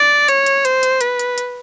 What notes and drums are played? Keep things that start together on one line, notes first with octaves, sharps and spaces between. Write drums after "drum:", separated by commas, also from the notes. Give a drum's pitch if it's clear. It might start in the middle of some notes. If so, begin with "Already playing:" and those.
Already playing: D5
C#5, drum: hi-hat
drum: hi-hat
C5, drum: hi-hat
drum: hi-hat
B4, drum: hi-hat
drum: hi-hat
drum: hi-hat